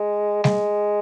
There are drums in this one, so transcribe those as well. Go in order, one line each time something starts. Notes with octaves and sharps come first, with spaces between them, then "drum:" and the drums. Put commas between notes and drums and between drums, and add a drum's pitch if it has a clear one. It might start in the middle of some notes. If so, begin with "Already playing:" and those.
Already playing: G#3
G#3, drum: snare G3